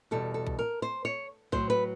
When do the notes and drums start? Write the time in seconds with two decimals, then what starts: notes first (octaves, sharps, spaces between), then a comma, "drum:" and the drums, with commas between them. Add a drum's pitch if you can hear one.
0.11 E2 B2 G3 A4
0.34 A4
0.47 drum: kick B1
0.59 A#4
0.82 C5
1.05 C#5
1.52 A2 F#3 C5, drum: kick B1
1.70 B4